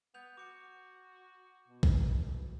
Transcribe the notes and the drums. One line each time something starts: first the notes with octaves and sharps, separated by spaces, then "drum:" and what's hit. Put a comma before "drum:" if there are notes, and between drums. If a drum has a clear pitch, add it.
B3 G6 F7
F#4 D6 C#7
B2
drum: kick A#1